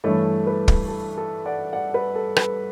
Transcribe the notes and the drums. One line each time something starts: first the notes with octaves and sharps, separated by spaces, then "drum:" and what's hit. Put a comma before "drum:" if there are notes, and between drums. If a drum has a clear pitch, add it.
G2 E3 A3 A4 C#5
B4
drum: kick
A4
A4
D5 F#5
D5 F#5
B4
A4
B4, drum: rim click